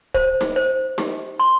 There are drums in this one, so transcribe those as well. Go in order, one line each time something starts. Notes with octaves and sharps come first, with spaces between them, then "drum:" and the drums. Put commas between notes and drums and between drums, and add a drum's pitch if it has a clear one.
C5, drum: kick
drum: snare D#4
C5
G4, drum: snare D#4
C6